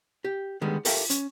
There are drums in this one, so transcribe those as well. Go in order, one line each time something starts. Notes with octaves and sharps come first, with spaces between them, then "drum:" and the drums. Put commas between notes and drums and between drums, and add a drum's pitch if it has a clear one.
G4
D3 D#3 G3 G#3 B3
G4 A4 A#4 E5 F5 G5, drum: open hi-hat
C#4, drum: hi-hat